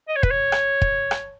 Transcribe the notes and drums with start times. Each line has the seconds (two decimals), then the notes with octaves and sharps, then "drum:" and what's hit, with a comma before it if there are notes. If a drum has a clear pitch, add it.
0.08 D#5
0.16 C#5
0.23 B4, drum: kick
0.31 C#5
0.52 drum: rim click
0.82 drum: kick
1.11 drum: rim click